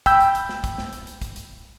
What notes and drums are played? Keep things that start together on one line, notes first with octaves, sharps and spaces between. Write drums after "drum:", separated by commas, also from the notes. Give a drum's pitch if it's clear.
G5 B5 E6 G6, drum: kick, hi-hat
drum: hi-hat
drum: hi-hat
drum: snare
drum: kick, hi-hat
drum: snare
drum: hi-hat
drum: hi-hat
drum: kick, hi-hat
drum: hi-hat